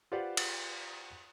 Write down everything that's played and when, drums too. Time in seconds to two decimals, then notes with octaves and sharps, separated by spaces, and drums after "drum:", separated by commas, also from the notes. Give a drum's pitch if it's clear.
0.12 F4 G4 B4 C5 D5 F#5
0.37 drum: cymbal